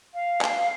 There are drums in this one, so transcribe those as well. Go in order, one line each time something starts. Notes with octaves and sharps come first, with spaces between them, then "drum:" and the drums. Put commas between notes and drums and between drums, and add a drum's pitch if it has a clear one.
F5
drum: clap